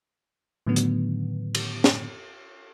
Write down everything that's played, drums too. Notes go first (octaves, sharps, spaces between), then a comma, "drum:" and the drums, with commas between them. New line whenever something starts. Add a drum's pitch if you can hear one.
A2 D3 D#3 F#3 B3
drum: hi-hat
drum: cymbal
drum: snare